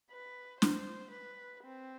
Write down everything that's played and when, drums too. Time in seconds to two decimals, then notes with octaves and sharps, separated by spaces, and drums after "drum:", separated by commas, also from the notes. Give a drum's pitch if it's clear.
0.11 B4
0.62 C5, drum: snare
1.12 B4
1.64 C4